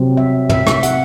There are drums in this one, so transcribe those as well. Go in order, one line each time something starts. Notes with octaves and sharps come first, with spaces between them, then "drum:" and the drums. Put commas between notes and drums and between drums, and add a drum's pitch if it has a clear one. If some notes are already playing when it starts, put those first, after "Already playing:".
Already playing: C3 F#3 C4
E5
E5, drum: tom
E5, drum: rim click
F#5, drum: hi-hat